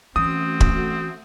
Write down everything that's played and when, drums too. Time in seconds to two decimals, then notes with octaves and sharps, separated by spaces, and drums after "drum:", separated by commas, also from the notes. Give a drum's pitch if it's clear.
0.16 E3 A3 C4 C#4 F#4 D#6
0.60 drum: kick